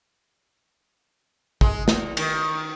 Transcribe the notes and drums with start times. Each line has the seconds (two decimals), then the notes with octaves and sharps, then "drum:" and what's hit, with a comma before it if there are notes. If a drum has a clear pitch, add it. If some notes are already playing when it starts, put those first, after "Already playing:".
1.61 G#3, drum: kick
1.88 E2, drum: snare
2.17 D#3, drum: cymbal